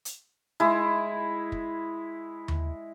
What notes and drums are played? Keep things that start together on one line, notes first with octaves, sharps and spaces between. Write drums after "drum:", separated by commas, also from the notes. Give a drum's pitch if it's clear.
drum: hi-hat
G#3 E4
drum: kick
drum: tom D#2